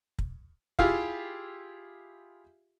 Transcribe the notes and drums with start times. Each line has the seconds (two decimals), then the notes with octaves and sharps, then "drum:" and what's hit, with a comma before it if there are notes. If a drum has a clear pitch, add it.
0.19 drum: kick
0.79 E4 F4 G4 G#4 E5 F5, drum: kick